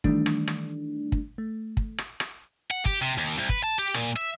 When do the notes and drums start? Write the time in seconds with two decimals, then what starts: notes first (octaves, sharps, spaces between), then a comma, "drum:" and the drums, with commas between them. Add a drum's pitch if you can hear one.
0.04 D#3 E3 G3 A3 D4, drum: kick
0.26 drum: rim click
0.48 drum: rim click
1.12 drum: kick
1.38 A3
1.77 drum: kick
1.98 drum: rim click
2.20 drum: rim click
2.71 F#5
2.85 G4, drum: kick
3.02 C3
3.18 D#2
3.38 C2
3.49 B4, drum: kick
3.64 A5
3.79 G4
3.94 A#2, drum: rim click
4.16 E5